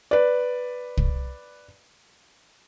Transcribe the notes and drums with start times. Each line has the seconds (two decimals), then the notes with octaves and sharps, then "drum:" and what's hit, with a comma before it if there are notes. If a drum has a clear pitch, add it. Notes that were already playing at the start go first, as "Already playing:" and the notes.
0.11 B4 D5
0.97 drum: kick